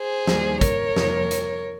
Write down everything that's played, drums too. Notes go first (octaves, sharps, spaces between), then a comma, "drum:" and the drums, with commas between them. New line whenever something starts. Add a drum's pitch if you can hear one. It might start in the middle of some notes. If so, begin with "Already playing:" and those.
Already playing: G#4 C5
D#2 D#3 G3 A#3, drum: snare
A#4 C#5, drum: kick, hi-hat
F2 C3 G3 A#3, drum: snare
drum: hi-hat